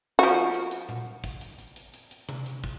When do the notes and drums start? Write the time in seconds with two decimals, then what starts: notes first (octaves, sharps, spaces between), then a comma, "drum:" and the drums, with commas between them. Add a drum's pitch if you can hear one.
0.19 F3 F#4, drum: hi-hat
0.54 drum: hi-hat
0.71 drum: hi-hat
0.89 drum: tom A#2
1.24 drum: kick, hi-hat
1.41 drum: hi-hat
1.59 drum: hi-hat
1.76 drum: hi-hat
1.94 drum: hi-hat
2.11 drum: hi-hat
2.29 drum: tom C3
2.46 drum: hi-hat
2.64 drum: kick